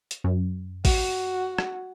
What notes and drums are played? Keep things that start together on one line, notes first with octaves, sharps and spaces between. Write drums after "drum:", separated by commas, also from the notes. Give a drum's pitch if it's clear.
drum: hi-hat
F#2
F#4, drum: kick A1, open hi-hat
drum: rim click